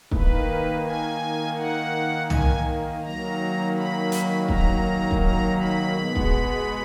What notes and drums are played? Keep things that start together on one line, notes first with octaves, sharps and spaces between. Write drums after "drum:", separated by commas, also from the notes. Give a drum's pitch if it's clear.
D#3 A#3 B4, drum: kick
G#5
F#5
G#5, drum: tom
D#3 F#3 A#3 A#5
B5
drum: hi-hat
A#5, drum: kick
drum: kick
A#5
B5
B2 G#3 B3
drum: kick